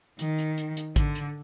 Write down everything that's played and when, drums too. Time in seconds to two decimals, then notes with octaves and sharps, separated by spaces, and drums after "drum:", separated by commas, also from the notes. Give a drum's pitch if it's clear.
0.19 D#3, drum: hi-hat
0.38 drum: hi-hat
0.58 drum: hi-hat
0.77 drum: hi-hat
0.96 D3, drum: kick, hi-hat
1.15 drum: hi-hat